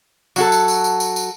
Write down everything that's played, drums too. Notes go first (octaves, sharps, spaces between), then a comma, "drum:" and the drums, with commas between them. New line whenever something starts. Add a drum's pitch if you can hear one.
F#3 F#4 A4, drum: tambourine
drum: tambourine
drum: tambourine
drum: tambourine
drum: tambourine
drum: tambourine